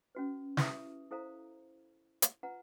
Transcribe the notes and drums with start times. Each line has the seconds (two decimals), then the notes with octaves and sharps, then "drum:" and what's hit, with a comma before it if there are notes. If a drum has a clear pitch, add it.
0.15 C#4 F#4 B4
0.57 E4 G4 B4 E5 D#6, drum: snare
1.11 E4 A4 C5 F5 A#5
2.22 drum: hi-hat
2.43 F4 B4 F#5 A#5